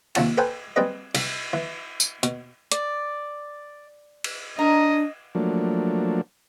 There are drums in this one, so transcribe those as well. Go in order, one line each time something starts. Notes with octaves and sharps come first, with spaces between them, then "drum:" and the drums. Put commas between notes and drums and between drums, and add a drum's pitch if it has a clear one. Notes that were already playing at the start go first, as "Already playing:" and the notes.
D#2 C3 F3 F#4 A5, drum: cymbal
A4 B4 C5 G5 G#5
G3 C4 G#4 B4 D#5
C2, drum: cymbal
E3
drum: tambourine
B2, drum: hi-hat
D5, drum: hi-hat
drum: cymbal
D4 A#4 D#5 A#5
F3 F#3 A3 A#3 D4